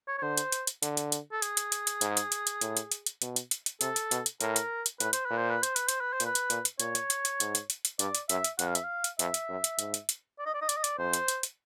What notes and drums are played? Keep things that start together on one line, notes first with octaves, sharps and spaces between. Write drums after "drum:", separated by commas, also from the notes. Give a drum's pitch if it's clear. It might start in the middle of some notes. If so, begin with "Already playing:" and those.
C#5
C#5
D3 C5
drum: hi-hat
drum: hi-hat
drum: hi-hat
D3, drum: hi-hat
drum: hi-hat
drum: hi-hat
A4
G#4, drum: hi-hat
drum: hi-hat
drum: hi-hat
drum: hi-hat
G#2, drum: hi-hat
drum: hi-hat
drum: hi-hat
drum: hi-hat
A2, drum: hi-hat
drum: hi-hat
drum: hi-hat
drum: hi-hat
B2, drum: hi-hat
drum: hi-hat
drum: hi-hat
drum: hi-hat
C3 A4, drum: hi-hat
drum: hi-hat
B2, drum: hi-hat
drum: hi-hat
A2 A#4, drum: hi-hat
drum: hi-hat
drum: hi-hat
A2 B4, drum: hi-hat
C5, drum: hi-hat
A#2 B4
C5
B4
C5, drum: hi-hat
B4, drum: hi-hat
C5, drum: hi-hat
B4
C5
A#2, drum: hi-hat
B4
drum: hi-hat
A#2, drum: hi-hat
drum: hi-hat
A#2 C#5, drum: hi-hat
drum: hi-hat
drum: hi-hat
drum: hi-hat
G#2, drum: hi-hat
drum: hi-hat
drum: hi-hat
drum: hi-hat
G2 D5, drum: hi-hat
drum: hi-hat
F#2 E5, drum: hi-hat
drum: hi-hat
F2 F#5, drum: hi-hat
F5
E5, drum: hi-hat
F5
drum: hi-hat
F2 E5, drum: hi-hat
drum: hi-hat
F#2
drum: hi-hat
G#2, drum: hi-hat
drum: hi-hat
drum: hi-hat
D5
D#5
D5
D#5
D5, drum: hi-hat
D#5
D5, drum: hi-hat
F2 C5
drum: hi-hat
drum: hi-hat
drum: hi-hat